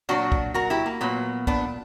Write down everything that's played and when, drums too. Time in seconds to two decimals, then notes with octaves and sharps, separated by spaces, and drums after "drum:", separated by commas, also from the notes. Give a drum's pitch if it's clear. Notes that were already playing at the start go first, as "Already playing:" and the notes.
0.09 A#2 F#3 D4 F#4
0.32 drum: kick
0.54 F#4 A#4
0.70 E4 G4
0.86 A#3
1.01 A#2 F#3 B3
1.47 B3 D4, drum: kick